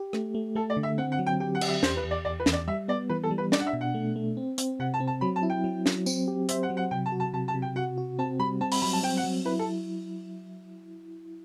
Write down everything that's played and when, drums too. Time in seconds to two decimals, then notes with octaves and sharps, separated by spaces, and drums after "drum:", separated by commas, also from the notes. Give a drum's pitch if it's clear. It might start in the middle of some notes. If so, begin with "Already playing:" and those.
Already playing: G4
0.13 A3, drum: rim click
0.35 A3
0.55 A3 A4
0.70 D5
0.77 D3
0.83 E5
0.98 C4 F#5
1.12 F#5
1.19 F#3
1.26 G5
1.40 G4 G5
1.55 F#5
1.61 G4, drum: cymbal
1.68 E5
1.83 E2 C5, drum: snare
1.97 B4
2.04 E2
2.11 D5
2.25 E2 D5
2.40 B4
2.46 E2, drum: snare
2.53 D5
2.67 G3 E5
2.88 B3 D5
3.09 E3 B4
3.23 A4
3.31 G3
3.38 B4
3.52 D4 D5, drum: snare
3.60 F#5
3.67 E5
3.73 B2
3.81 F#5
3.94 A3
4.16 A3
4.37 C4
4.58 C4, drum: hi-hat
4.80 C3 F#5
4.94 A5
5.00 C4
5.07 A5
5.21 F#3 B5
5.36 A5
5.43 E4
5.50 G5
5.64 F#3
5.86 F#3, drum: snare
6.06 C4, drum: tambourine
6.28 G4
6.49 C5 E5, drum: hi-hat
6.63 F#5
6.70 F#3
6.77 F#5
6.91 C3 G5
7.06 A5
7.12 F#4
7.20 A5
7.33 C3 A5
7.48 A5
7.54 C3
7.62 G5
7.76 F#4 F#5
7.98 F#4
8.19 C4 A5
8.39 G3 B5
8.61 C4 A5
8.72 B5, drum: open hi-hat
8.82 F#3 B5
8.93 A5
9.03 C4 G5
9.17 F#5
9.24 F#3
9.45 E4 B4
9.59 A4